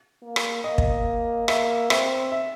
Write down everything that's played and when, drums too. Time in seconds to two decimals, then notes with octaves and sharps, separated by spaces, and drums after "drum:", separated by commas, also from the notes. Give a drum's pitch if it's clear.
0.22 A#3
0.36 drum: rim click
0.64 A#3 D#5
0.78 drum: kick
1.48 A#3 E5, drum: rim click
1.90 C4 E5, drum: rim click
2.32 E5